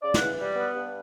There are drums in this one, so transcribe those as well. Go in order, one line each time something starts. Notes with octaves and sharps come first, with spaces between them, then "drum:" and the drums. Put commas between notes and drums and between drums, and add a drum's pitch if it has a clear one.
C#3 D5
F#5, drum: snare
E3
G3
B3
G2